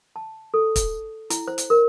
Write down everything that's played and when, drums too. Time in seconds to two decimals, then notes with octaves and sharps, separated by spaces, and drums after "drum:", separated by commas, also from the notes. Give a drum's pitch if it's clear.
0.16 A5
0.54 A4
0.76 drum: kick, hi-hat
1.30 E4, drum: hi-hat
1.48 C5
1.58 drum: hi-hat
1.70 A#4